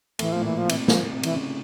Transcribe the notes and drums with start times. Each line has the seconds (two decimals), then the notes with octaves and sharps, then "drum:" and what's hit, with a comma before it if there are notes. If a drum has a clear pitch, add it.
0.19 A2 E3, drum: cymbal
0.32 A2 F3
0.42 A#2
0.45 E3
0.58 F3
0.65 C3
0.69 E3, drum: cymbal
0.88 F3, drum: snare
1.11 C3
1.23 E3, drum: cymbal
1.34 C#3